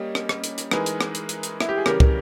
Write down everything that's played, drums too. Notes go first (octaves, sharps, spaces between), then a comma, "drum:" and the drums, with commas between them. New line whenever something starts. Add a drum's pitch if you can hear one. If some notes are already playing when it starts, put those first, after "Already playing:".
Already playing: G3 A#3 C#4 G4 D#5
drum: rim click
drum: rim click
drum: hi-hat
drum: hi-hat
E3 G#3 D#4 G#4 A#4 B4, drum: rim click
drum: hi-hat
drum: rim click
drum: hi-hat
drum: hi-hat
drum: hi-hat
E4, drum: rim click
G4
G#4
C#3 E3 G3 C#4 G4 A#4, drum: rim click
drum: kick